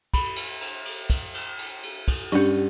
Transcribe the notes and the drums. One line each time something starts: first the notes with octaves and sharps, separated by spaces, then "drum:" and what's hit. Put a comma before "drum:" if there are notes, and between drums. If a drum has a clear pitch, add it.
B5, drum: kick, cymbal
drum: cymbal
drum: cymbal
drum: cymbal
drum: kick, cymbal
drum: cymbal
drum: cymbal
drum: cymbal
drum: kick, cymbal
G2 C#4 G4 F#5, drum: cymbal